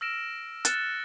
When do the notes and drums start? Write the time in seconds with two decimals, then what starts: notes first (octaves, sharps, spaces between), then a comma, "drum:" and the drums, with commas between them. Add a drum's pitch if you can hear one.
0.01 E6 F6 A#6 D7 E7
0.65 F6 F#6 A6 C#7 E7, drum: hi-hat